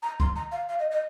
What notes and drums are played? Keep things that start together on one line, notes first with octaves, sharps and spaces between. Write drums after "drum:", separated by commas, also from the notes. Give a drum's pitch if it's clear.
A#5
C6, drum: kick
A#5
F5
F5
D#5
D#5